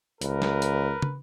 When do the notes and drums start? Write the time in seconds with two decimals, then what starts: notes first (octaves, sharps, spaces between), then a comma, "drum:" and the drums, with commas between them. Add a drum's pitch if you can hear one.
0.22 C#2 A#4 B4, drum: hi-hat
0.42 drum: snare
0.62 drum: hi-hat
1.02 drum: tom